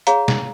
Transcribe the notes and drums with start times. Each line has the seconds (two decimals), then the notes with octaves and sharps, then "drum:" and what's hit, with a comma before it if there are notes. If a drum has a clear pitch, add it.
0.07 G#4 C#5 F5 A#5, drum: hi-hat
0.28 drum: snare